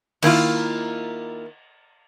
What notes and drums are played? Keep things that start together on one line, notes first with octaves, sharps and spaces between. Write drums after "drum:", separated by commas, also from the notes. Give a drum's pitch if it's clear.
D#3 A#3 E4 F4, drum: cymbal